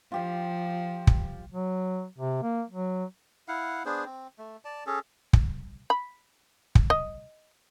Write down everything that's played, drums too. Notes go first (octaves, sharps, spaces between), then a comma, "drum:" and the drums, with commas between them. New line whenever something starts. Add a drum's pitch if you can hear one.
F3 F4 G4 F5
drum: kick
F#3
C3
A#3
F#3
E4 F5 F#5
B3 D4 G#4 C5
C4
A3
D5 A5
C#4 G#4 A4
drum: kick
B5
drum: kick
D#5